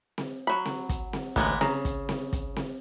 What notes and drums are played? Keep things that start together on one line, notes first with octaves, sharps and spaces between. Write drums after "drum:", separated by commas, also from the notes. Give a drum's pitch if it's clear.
drum: snare C4
F#3 B5
drum: snare C4
drum: kick, hi-hat
drum: snare C4
A1 D2 G#3 A#3 B3, drum: kick, hi-hat
C#3 A#5, drum: snare C4
drum: kick, hi-hat
drum: snare C4
drum: kick, hi-hat
drum: snare C4